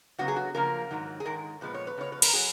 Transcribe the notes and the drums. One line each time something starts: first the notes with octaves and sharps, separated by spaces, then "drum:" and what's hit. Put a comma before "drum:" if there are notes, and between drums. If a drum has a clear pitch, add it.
C#3 F#3 B3 F#4
G#4
F#4
C#3 F3 A#3 A#4
G#2 D#3 F#3
G#4
G#2 D#3 G#3 A#4
A#2 F3 G#3 B3 B4
C#5
B4
C#3 F3 G#3 B3 C#5
B4
A#4, drum: cymbal
F#3 G#4